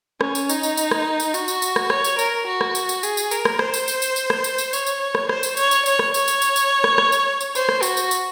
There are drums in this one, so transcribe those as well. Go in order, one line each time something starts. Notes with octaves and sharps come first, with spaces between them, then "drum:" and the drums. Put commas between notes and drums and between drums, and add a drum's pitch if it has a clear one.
C#4, drum: rim click
drum: tambourine
D#4, drum: tambourine
drum: tambourine
drum: tambourine
drum: rim click
drum: tambourine
F#4, drum: tambourine
drum: tambourine
drum: tambourine
drum: rim click
C#5, drum: rim click
drum: tambourine
A#4, drum: tambourine
F#4
drum: rim click
drum: tambourine
drum: tambourine
G#4, drum: tambourine
drum: tambourine
A#4, drum: tambourine
drum: rim click
C5, drum: rim click
drum: tambourine
drum: tambourine
drum: tambourine
drum: tambourine
drum: rim click
drum: tambourine
drum: tambourine
C#5, drum: tambourine
drum: tambourine
drum: rim click
C5, drum: rim click
drum: tambourine
C#5, drum: tambourine
drum: tambourine
C#5, drum: tambourine
drum: rim click
C#5, drum: tambourine
drum: tambourine
drum: tambourine
drum: tambourine
drum: rim click
drum: rim click
drum: tambourine
drum: tambourine
C5, drum: tambourine
drum: rim click
F#4, drum: tambourine
drum: tambourine
drum: tambourine